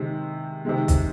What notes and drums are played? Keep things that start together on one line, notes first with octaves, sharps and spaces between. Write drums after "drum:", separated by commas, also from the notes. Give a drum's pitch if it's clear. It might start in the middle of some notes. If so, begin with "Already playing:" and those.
Already playing: C3 D#3 G#3
C3 D#3 G#3
drum: kick, hi-hat